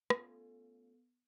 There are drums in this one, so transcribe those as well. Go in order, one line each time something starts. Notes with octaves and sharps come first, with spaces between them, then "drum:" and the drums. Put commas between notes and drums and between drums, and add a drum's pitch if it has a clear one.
A3 B3 C#4 F4, drum: rim click